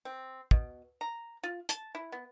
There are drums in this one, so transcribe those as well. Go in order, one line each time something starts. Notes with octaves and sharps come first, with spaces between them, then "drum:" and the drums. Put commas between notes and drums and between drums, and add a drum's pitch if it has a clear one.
C4
B2, drum: kick
A#5
F4
A5, drum: hi-hat
E4
B3